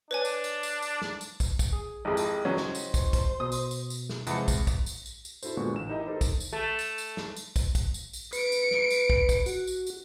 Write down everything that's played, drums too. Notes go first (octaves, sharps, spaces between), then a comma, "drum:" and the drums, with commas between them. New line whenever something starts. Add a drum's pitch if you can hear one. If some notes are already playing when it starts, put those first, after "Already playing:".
D4 B4 C#5 G#5
drum: tambourine
drum: tambourine
drum: tambourine
drum: tambourine
drum: snare
drum: tambourine
drum: kick, tambourine
drum: kick, tambourine
G#4
G#1 F2 E4 G4 G#4 D#5
drum: tambourine
C#3 F#3 C#4
C5, drum: snare
drum: tambourine
drum: kick, tambourine
drum: kick, tambourine
B2 D#6
drum: tambourine
drum: tambourine
drum: tambourine
drum: snare
E2 C3 F3 G#3 C#7, drum: tambourine
drum: kick, tambourine
drum: kick, tambourine
drum: tambourine
drum: tambourine
drum: tambourine
D4 E4 F#4 A4 C5, drum: tambourine
A#2 D3 G#3 B3 F#4 C#6
A1 E7
D#4 E4 G4 A#4 D#5
D#4 G4 A4 A#4 C5
drum: kick, tambourine
drum: tambourine
A3
drum: tambourine
drum: tambourine
drum: snare
drum: tambourine
drum: kick, tambourine
drum: kick, tambourine
drum: tambourine
drum: tambourine
B4 C#7 D7, drum: tambourine
drum: tambourine
drum: snare
drum: tambourine
drum: kick
drum: kick, tambourine
F#4, drum: tambourine
drum: tambourine
drum: tambourine